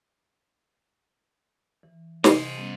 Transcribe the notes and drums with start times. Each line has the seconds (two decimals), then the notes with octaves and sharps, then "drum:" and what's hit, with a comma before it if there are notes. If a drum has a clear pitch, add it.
1.83 E3
2.24 C3 C5 D#5, drum: snare
2.56 G3 B3 C#4